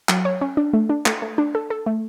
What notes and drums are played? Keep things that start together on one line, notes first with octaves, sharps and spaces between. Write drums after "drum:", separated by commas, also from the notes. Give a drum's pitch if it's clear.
F#3, drum: clap
C#5
C#4
D4
A3
D4
A3, drum: clap
A3
D4
A4
A4
A3